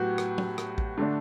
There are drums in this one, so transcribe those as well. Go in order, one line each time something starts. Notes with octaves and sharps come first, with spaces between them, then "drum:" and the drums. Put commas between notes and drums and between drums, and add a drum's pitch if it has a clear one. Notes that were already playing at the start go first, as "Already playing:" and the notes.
Already playing: A2 F#3 B3 F#4 G4
drum: rim click
drum: tom
drum: rim click
drum: kick A1
D3 A3 D4